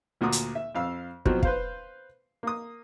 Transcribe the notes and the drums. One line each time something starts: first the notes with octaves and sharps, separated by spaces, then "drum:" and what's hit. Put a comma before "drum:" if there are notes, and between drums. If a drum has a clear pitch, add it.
D2 A#2 F#4 D6 D#6
drum: hi-hat
E5
F2 F5 E6
B2 F3 F#3 C4, drum: kick
B4 C5 F5, drum: kick
A#3 D#6